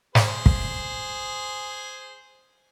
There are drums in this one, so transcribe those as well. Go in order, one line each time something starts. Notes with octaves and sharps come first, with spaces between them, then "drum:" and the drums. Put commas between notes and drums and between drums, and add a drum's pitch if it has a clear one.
G#4 C5, drum: snare
drum: kick